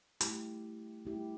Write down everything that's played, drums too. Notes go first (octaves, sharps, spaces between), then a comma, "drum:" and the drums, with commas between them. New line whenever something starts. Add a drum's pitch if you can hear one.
A3 E4 G4, drum: hi-hat
A3 E4 G4